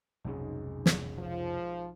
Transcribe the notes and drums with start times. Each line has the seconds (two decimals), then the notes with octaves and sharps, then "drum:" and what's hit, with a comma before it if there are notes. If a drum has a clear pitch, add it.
0.25 B1 F2 G#2 C3 G#3 C#4
0.86 drum: snare
1.19 F3